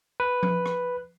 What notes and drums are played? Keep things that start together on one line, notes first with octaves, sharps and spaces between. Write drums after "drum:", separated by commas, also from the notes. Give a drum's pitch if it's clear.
B4
drum: tom F3
drum: rim click